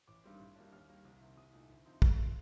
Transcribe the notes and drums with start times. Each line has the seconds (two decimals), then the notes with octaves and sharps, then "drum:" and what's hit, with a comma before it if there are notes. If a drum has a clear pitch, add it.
0.08 A1 D6
0.24 G2 D#3 G3 C4
0.40 A2
0.56 G3 A#3 D4
0.72 D#2 F6
0.89 D#3 G3 A#3
1.05 C2
1.21 C3 D#3
1.37 C2 D#6
1.53 A#2 A3 D#4
1.69 D2
1.85 C3 F3 C4 D#4
2.02 A2 F5, drum: kick
2.18 F3 C4